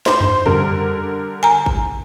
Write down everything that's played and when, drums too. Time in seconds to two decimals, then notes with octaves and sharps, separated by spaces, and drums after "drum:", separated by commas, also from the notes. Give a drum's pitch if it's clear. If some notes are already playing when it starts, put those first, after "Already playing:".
0.06 C5 C6, drum: snare
0.21 drum: tom F2
0.46 D3 G3 A#4, drum: tom F2
1.43 G#5 A#5
1.66 drum: kick G#1